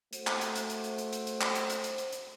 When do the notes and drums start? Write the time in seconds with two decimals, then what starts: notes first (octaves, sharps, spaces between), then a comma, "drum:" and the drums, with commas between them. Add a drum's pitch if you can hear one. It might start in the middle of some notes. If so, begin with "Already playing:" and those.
0.13 A3 F#4 C5, drum: hi-hat
0.27 drum: clap
0.41 drum: hi-hat
0.55 drum: hi-hat
0.70 drum: hi-hat
0.84 drum: hi-hat
0.98 drum: hi-hat
1.13 drum: hi-hat
1.27 drum: hi-hat
1.41 drum: clap
1.55 drum: hi-hat
1.70 drum: hi-hat
1.84 drum: hi-hat
1.98 drum: hi-hat
2.13 drum: hi-hat